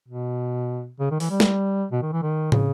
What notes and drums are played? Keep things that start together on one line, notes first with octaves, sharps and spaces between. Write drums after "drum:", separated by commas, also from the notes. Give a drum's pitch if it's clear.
B2
C#3
D#3
E3, drum: open hi-hat
G3
drum: snare
B2
D#3
E3
D#3
C#3, drum: tom